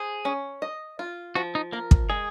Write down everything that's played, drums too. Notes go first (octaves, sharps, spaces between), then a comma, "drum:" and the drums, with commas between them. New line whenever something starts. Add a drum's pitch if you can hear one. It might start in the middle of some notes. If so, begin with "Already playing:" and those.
Already playing: G#4 C5
C#4
D#5
F4
F3 F#4
D#4
A#3 A#4
drum: kick
G#3 G#4